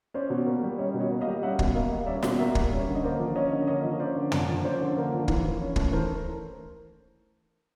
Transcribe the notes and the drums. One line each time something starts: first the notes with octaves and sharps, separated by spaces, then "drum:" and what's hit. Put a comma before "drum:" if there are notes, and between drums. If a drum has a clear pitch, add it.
C#4 C5 D5
B2
A#3
G3
C#4 C#5 D#5
B2
C#5 D#5
A#3
D#5 F5
G3
C#4 E5 F#5
B2, drum: kick
A#3 D#5 F5
G3
C#4 D5 E5
B2, drum: snare
A#3 D5 E5
G3, drum: kick
C#4
D3
D#5
A#3 C5 D5
F3
C#4 C#5 D#5
D3
A#3 C#5 D#5
F3
C#4 C5 D5
D3
A#3, drum: tom
F3
C#4 C5 D5
D3
A#3
F3
E3, drum: kick
E3
C#4
A3, drum: kick
E3 A#4 C5